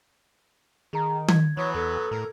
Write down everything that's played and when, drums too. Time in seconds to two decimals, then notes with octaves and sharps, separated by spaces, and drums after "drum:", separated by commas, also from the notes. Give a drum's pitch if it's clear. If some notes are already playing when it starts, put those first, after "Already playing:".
0.93 D#3 G#4 A#5
1.28 G#6, drum: tom D#3
1.57 E3 F#3 B3 B4 C#5
1.75 E2 A4
2.11 A2 A#4